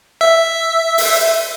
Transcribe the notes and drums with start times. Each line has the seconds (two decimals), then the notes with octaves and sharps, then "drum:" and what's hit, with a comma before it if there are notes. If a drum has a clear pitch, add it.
0.21 E5
0.98 drum: open hi-hat